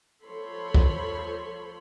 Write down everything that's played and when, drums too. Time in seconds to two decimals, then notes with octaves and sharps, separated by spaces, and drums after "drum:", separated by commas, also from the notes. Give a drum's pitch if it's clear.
0.24 F3 A4 C#5 B5 C6
0.75 drum: kick